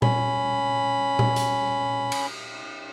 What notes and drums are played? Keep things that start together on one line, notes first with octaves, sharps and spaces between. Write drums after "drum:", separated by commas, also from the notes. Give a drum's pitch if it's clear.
C#4 B5, drum: tom A#2
drum: tom A#2
drum: hi-hat
drum: cymbal